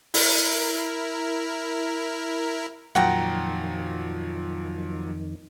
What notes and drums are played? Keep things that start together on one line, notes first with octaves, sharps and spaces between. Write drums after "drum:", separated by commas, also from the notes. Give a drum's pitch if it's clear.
E4 A#4, drum: open hi-hat
F2 A#2 D#3 F3 F#3 F#5 G5 A#5